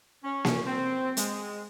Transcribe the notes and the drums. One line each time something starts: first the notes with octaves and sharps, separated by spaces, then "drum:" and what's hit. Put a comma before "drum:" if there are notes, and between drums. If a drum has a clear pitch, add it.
C#4
drum: snare A#3
C4
G#3, drum: hi-hat